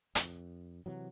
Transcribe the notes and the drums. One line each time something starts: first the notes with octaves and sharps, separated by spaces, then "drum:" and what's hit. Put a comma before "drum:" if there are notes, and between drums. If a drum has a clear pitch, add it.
F2, drum: hi-hat
C3 E3 F#3